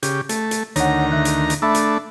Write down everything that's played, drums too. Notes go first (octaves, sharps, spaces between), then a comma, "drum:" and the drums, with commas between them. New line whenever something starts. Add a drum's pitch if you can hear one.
C#3 G4, drum: hi-hat
A3, drum: hi-hat
drum: hi-hat
D2 D#3 C#5 F#5 A#5, drum: hi-hat
D3 E5 F#6
drum: hi-hat
drum: hi-hat
A3 D4 E5 B5 E6
drum: hi-hat